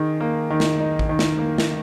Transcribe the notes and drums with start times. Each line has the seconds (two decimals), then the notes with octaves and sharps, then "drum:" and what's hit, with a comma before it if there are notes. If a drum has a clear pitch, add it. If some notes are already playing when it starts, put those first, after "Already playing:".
Already playing: D#3 G#4
0.20 A#3
0.50 D#3
0.60 drum: snare
0.80 D#4
0.99 drum: kick A1
1.09 D#3
1.19 drum: snare
1.38 A#3
1.58 drum: snare